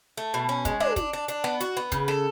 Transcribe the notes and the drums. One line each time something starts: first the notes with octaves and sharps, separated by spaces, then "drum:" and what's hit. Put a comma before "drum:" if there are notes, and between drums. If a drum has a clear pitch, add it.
A3
B2
C#4
G#3, drum: kick, hi-hat
D4, drum: tom
D4, drum: kick, hi-hat
D4
D4, drum: hi-hat
B3, drum: snare
F#4, drum: hi-hat
B3
C#3, drum: kick, hi-hat
A4, drum: snare